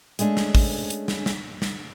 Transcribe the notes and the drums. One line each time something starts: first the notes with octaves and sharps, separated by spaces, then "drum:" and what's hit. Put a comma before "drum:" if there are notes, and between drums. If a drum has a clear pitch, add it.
G#3 A3 C#4 D4, drum: hi-hat
drum: snare
drum: kick, open hi-hat
drum: hi-hat
drum: snare
drum: snare
drum: snare